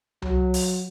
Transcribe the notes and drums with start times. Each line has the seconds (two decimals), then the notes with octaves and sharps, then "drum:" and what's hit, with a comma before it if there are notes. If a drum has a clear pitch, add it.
0.22 F#3, drum: tom C2
0.54 drum: open hi-hat